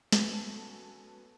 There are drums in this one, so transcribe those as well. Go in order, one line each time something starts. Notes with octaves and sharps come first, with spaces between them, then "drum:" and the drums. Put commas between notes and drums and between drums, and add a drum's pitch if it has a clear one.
B3 C#4 F#4 A4, drum: snare